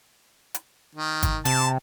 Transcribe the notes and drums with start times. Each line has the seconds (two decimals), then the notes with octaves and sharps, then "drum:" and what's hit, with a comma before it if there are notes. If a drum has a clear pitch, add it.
0.54 drum: hi-hat
0.95 D#3
1.23 drum: kick, hi-hat
1.45 C3 A5, drum: hi-hat